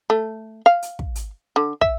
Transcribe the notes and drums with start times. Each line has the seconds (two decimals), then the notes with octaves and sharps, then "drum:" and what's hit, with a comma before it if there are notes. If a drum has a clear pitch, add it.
0.10 A3
0.66 F5
0.82 drum: hi-hat
0.99 drum: kick
1.15 drum: hi-hat
1.56 D3
1.81 E5, drum: kick